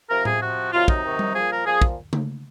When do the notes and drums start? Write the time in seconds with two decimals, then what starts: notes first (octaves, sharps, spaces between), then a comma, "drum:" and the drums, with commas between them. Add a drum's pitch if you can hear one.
0.09 C3 F3 A#4
0.25 G#4, drum: tom A2
0.41 C3 F3 F#4
0.72 C3 D#3 F#3 F4
0.88 D#4, drum: kick
1.04 C3 D#3 F#3
1.19 drum: tom G3
1.35 A#2 F3 G#4
1.50 A#4
1.66 A#2 F3 G#4
1.82 drum: kick
2.13 drum: tom C#3